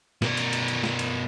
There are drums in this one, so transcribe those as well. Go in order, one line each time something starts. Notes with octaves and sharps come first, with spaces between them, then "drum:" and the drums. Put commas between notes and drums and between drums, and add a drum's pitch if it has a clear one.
B2 A#4, drum: snare
drum: cymbal
drum: cymbal
drum: cymbal
drum: snare
drum: cymbal